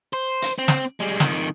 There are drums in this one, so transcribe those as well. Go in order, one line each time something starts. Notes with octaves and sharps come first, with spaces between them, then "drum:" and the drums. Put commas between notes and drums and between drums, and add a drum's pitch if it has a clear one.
C5
drum: hi-hat
C4
drum: snare
G3 G#3
F2 D#3, drum: snare